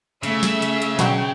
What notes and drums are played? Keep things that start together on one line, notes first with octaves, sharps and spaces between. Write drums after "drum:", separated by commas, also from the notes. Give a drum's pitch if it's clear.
C#3 A3 E5 E6, drum: hi-hat
drum: snare
drum: hi-hat
drum: hi-hat
B2 D3 F#3 G5, drum: snare